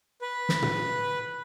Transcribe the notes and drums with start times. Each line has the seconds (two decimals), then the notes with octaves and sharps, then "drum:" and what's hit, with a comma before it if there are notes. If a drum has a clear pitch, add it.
0.21 B4
0.49 drum: snare
0.62 drum: tom